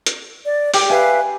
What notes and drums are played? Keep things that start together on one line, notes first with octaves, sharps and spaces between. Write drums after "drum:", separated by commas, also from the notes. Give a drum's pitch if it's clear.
drum: hi-hat
D5
G4 G5, drum: open hi-hat
B4 E5 F5 G#5